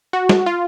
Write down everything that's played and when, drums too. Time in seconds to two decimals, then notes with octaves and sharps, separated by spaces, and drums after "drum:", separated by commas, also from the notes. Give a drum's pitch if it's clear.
0.13 F#4
0.29 drum: snare
0.46 F4